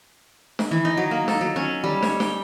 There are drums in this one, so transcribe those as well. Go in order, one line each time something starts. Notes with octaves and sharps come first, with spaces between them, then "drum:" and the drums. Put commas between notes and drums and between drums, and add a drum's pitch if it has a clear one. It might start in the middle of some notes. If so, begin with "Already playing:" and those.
drum: snare
E3
D#4
F#3
A#3
A4, drum: snare
F#3
C#4
G3
C#5, drum: snare
G5, drum: snare